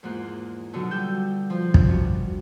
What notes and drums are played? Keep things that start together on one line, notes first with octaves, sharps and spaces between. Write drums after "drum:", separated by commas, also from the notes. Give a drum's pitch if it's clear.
E2 G#2 A#3 F4 F#6
B2 D3 F#3 D#4
G3 E6 G6
F3 F4
drum: kick
G2 F#4